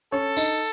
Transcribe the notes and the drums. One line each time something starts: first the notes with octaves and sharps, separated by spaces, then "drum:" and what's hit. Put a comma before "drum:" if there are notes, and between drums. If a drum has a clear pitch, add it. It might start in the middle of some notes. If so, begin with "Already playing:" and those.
C#4 A4 C#5
D#4 D#5, drum: tambourine